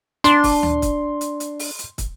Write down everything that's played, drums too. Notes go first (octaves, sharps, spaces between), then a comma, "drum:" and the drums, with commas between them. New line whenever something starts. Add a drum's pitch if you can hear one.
D4 C6, drum: hi-hat
drum: kick, open hi-hat
drum: tom D2
drum: kick, hi-hat
drum: hi-hat
drum: hi-hat
drum: open hi-hat
drum: hi-hat
drum: kick, hi-hat